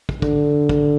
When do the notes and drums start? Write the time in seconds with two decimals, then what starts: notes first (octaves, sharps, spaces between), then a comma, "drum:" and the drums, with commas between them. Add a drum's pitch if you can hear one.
0.09 drum: kick
0.22 D3, drum: kick
0.69 drum: kick